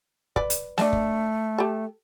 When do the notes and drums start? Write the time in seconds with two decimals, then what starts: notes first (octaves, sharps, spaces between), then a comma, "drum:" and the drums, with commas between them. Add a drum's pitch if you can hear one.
0.36 B4 D5, drum: kick
0.50 drum: hi-hat
0.78 A3 D4 D#5 A5, drum: snare
0.93 drum: kick
1.58 G4 A4